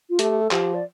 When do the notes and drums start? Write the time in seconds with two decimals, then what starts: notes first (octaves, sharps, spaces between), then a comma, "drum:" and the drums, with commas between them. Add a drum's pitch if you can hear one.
0.10 F4
0.19 A3 G4, drum: hi-hat
0.41 A4
0.51 F3 G4, drum: clap
0.74 D5